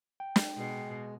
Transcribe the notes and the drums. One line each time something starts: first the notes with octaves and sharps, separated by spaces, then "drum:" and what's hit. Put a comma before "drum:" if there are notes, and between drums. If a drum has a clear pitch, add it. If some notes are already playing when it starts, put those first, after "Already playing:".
G5
drum: snare
B2 G#3